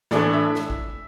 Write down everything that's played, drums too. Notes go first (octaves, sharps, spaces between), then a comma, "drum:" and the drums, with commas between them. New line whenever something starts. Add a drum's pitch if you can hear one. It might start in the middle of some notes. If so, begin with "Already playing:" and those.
A2 E3 A3 D4 D5, drum: snare
E5
drum: snare
drum: kick G#1